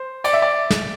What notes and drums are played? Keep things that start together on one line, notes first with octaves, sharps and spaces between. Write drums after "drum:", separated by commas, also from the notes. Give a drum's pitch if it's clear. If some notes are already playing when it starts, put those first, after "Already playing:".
Already playing: C5
D5, drum: cymbal
E5
D5
drum: snare